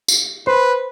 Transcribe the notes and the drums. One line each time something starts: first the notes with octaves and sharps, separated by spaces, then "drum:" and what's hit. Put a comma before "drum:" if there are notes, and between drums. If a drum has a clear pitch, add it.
drum: tambourine
B4 C5